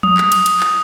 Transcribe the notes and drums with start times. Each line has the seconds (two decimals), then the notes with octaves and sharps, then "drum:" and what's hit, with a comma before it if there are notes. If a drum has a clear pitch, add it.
0.03 D#6, drum: tom F3
0.18 drum: clap
0.32 drum: cymbal
0.46 drum: cymbal
0.60 drum: clap